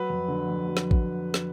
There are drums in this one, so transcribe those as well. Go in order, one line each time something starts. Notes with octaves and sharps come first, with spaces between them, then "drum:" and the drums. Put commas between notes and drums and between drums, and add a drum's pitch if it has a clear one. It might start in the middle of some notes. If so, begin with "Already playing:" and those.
Already playing: F#3 B4
F2
D3
F2
F#3
drum: snare
drum: kick
drum: snare